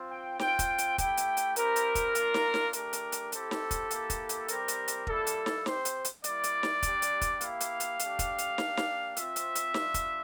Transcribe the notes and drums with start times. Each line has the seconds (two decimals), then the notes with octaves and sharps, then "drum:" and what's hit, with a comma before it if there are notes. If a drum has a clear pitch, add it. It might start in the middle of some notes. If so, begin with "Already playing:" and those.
Already playing: C4 F4
0.10 G5
0.39 C4 F4 G5, drum: snare
0.59 drum: kick, hi-hat
0.78 drum: hi-hat
0.98 A3 E4 G4 G5, drum: kick, hi-hat
1.17 drum: hi-hat
1.37 drum: hi-hat
1.56 C4 E4 G4 A#4, drum: hi-hat
1.76 drum: hi-hat
1.95 drum: kick, hi-hat
2.15 A#3 D4 F4, drum: hi-hat
2.34 drum: snare
2.54 drum: snare
2.73 A3 D4 G4 A#4, drum: hi-hat
2.93 drum: hi-hat
3.12 drum: hi-hat
3.32 C4 E4 G4 A4, drum: hi-hat
3.51 drum: snare
3.71 drum: kick, hi-hat
3.91 A#3 E4 G4, drum: hi-hat
4.10 drum: kick, hi-hat
4.29 drum: hi-hat
4.48 G3 C4 G4 A#4, drum: hi-hat
4.68 drum: hi-hat
4.88 drum: hi-hat
5.07 G3 A#3 E4 A4, drum: kick
5.27 drum: hi-hat
5.46 drum: snare
5.66 C4 G4 C5, drum: snare
5.85 drum: hi-hat
6.05 drum: hi-hat
6.24 G3 A#3 E4 D5, drum: hi-hat
6.43 drum: hi-hat
6.63 drum: snare
6.83 G3 D4 G4, drum: kick, hi-hat
7.02 drum: hi-hat
7.21 drum: kick, hi-hat
7.41 A#3 E4 G4 F5, drum: hi-hat
7.60 drum: hi-hat
7.80 drum: hi-hat
7.99 A3 D4 G4, drum: hi-hat
8.19 drum: kick, hi-hat
8.38 drum: hi-hat
8.58 A#3 D4 G4, drum: snare
8.77 drum: snare
9.17 C4 F4 E5, drum: hi-hat
9.36 drum: hi-hat
9.55 drum: hi-hat
9.74 G3 D4 F4, drum: snare
9.94 drum: kick, hi-hat